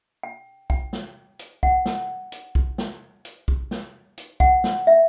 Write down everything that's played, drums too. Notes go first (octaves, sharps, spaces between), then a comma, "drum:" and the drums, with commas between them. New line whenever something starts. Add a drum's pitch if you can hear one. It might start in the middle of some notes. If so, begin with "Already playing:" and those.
G5
G5, drum: kick
drum: snare
drum: hi-hat
F#5, drum: kick
drum: snare
drum: hi-hat
drum: kick
drum: snare
drum: hi-hat
drum: kick
drum: snare
drum: hi-hat
F#5, drum: kick
drum: snare
E5